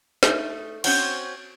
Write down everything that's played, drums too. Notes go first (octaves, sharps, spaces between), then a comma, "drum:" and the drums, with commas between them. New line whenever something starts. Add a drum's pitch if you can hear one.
A3 D#4, drum: snare
C4 C#4 F#4 C5 C#5 F#5, drum: cymbal